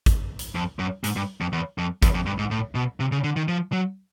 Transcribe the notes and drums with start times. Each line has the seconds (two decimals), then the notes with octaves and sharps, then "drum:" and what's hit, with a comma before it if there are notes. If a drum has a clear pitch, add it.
0.06 drum: kick G#1, hi-hat
0.39 drum: hi-hat
0.55 F2
0.79 F#2
1.04 G#2, drum: hi-hat
1.16 G2
1.41 F2
1.53 E2
1.78 F2
2.02 E2, drum: kick G#1, hi-hat
2.14 F2
2.26 G2
2.38 G#2
2.51 A2
2.75 B2
3.00 C3
3.12 C#3
3.24 D3
3.36 D#3
3.48 F3
3.72 F#3